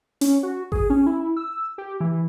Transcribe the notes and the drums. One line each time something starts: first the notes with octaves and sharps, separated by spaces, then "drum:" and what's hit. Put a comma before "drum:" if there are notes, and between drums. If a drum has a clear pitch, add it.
C#4, drum: hi-hat
F#4
G#4, drum: kick G#1
C#4
E4
E6
G4
E3